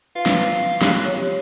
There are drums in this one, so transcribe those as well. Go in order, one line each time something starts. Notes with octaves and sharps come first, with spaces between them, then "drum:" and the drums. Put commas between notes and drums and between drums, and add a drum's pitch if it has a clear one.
F4 B4
drum: snare
G4 F#6, drum: snare
C#5
G4